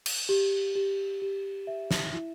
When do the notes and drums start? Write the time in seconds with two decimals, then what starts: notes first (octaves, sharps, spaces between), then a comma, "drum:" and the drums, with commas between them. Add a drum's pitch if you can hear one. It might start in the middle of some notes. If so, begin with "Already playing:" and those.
0.06 drum: cymbal
0.29 G4
0.76 G4
1.22 G4
1.67 E5
1.91 drum: snare
2.13 E4